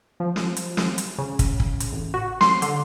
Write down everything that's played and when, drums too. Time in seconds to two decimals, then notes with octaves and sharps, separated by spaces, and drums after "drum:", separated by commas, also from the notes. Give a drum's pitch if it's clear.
0.20 F3
0.36 drum: snare
0.57 drum: hi-hat
0.77 drum: snare
0.98 drum: hi-hat
1.18 C#3
1.39 drum: kick, hi-hat
1.60 drum: kick
1.80 drum: hi-hat
1.92 A1
2.14 F#4
2.41 C6, drum: snare
2.62 D3, drum: hi-hat